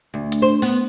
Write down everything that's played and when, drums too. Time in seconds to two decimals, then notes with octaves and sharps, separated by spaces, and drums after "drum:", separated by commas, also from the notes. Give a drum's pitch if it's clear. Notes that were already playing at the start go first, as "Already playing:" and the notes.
0.14 D2
0.32 drum: hi-hat
0.42 C5
0.62 B3, drum: open hi-hat